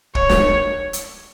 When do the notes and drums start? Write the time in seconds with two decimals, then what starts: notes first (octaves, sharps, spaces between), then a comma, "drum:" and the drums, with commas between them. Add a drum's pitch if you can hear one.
0.15 C#5, drum: kick
0.29 drum: snare
0.93 drum: hi-hat